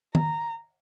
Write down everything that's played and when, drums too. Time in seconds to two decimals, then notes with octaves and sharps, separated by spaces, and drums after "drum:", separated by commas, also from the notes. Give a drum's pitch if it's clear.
0.15 A#5, drum: tom D#3